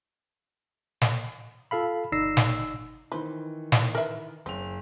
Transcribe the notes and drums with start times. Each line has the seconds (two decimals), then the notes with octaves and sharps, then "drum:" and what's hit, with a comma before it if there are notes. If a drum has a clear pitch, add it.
1.01 drum: snare
1.71 F4 A4 F5 B5
2.12 G1 D#4 D5 E6 A#6 C7
2.37 drum: snare
3.12 D#3 E3 B4 C5
3.72 drum: snare
3.95 A#4 B4 E5
4.46 F#1 C4 F7